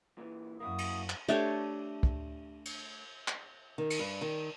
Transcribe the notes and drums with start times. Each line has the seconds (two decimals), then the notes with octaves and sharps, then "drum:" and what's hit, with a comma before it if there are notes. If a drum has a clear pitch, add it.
0.18 A#2 E3
0.60 F#2 A#3 E4 F#4 D#6
0.78 drum: cymbal
1.10 drum: clap
1.29 A3 D4 G4 C#5
2.03 drum: kick
2.65 drum: cymbal
3.28 drum: clap
3.78 D#3
3.90 drum: cymbal
3.99 G2
4.21 D#3